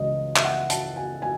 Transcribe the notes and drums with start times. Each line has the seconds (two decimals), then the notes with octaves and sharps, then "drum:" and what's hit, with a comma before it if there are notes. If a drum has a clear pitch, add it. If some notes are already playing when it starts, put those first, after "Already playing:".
Already playing: C#2 C#3 E3 D#5
0.36 E5, drum: clap
0.45 F#5
0.70 A5, drum: hi-hat
0.96 G#5
1.22 G#5